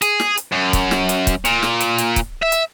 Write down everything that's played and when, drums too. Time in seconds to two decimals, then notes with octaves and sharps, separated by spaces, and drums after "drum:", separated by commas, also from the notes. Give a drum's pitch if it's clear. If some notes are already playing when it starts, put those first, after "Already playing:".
0.02 G#4, drum: hi-hat
0.20 drum: snare
0.37 drum: hi-hat
0.52 F#2
0.73 drum: kick, hi-hat
0.91 drum: snare
1.09 drum: hi-hat
1.27 drum: kick, hi-hat
1.45 A#2, drum: hi-hat
1.63 drum: snare
1.80 drum: hi-hat
1.98 drum: hi-hat
2.16 drum: kick, hi-hat
2.43 E5
2.52 drum: hi-hat